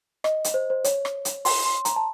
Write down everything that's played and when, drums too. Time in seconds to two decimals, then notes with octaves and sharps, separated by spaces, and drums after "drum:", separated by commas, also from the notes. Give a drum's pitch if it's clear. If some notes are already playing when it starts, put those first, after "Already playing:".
0.24 D#5, drum: rim click
0.44 drum: hi-hat
0.54 C5
0.70 C5
0.84 C#5, drum: hi-hat
1.05 drum: rim click
1.25 drum: hi-hat
1.45 C6, drum: open hi-hat
1.65 C6
1.85 A#5, drum: hi-hat
1.96 A5